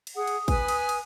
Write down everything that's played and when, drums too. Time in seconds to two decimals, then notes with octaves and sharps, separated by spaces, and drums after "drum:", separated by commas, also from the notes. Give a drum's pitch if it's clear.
0.07 drum: cymbal
0.17 G#4 F#5 D#6
0.27 drum: cymbal
0.48 B4 G#5, drum: kick, cymbal
0.68 drum: cymbal
0.89 drum: cymbal